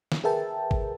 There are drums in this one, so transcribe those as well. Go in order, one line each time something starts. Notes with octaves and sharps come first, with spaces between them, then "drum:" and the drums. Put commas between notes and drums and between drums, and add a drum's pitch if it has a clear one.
drum: snare
G#4 A#4 B4 E5 G5 A5
drum: kick G#1